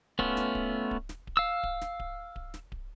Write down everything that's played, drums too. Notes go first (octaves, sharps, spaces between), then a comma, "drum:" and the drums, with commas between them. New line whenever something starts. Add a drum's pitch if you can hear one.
A3 B3 C#4 F4, drum: kick D1
drum: snare
drum: kick D1
drum: kick D1
drum: snare
drum: kick D1
F5 E6
drum: kick D1
drum: snare
drum: kick D1
drum: kick D1
drum: snare
drum: kick D1